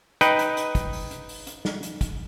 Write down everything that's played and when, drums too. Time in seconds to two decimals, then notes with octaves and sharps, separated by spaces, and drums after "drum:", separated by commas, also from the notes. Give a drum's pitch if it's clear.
0.21 D#4 B4 G5, drum: hi-hat
0.39 drum: hi-hat
0.57 drum: hi-hat
0.75 drum: kick, hi-hat
0.93 drum: open hi-hat
1.11 drum: hi-hat
1.29 drum: open hi-hat
1.47 drum: hi-hat
1.65 drum: snare
1.83 drum: hi-hat
2.01 drum: kick, hi-hat